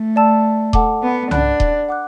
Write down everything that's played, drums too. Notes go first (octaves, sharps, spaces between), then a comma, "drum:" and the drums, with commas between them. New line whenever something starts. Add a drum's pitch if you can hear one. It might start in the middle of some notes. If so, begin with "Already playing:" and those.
Already playing: A3
D5 A5 E6
A4 F#5 A5 D6, drum: kick D#1
B3
D4 D5 F#5 B5 F#6, drum: tom C2
drum: kick D#1
F#5 D6 F#6